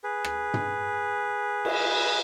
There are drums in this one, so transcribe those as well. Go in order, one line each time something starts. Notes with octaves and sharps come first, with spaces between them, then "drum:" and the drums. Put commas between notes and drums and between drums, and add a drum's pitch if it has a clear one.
G#4 B4
drum: rim click
drum: tom
drum: cymbal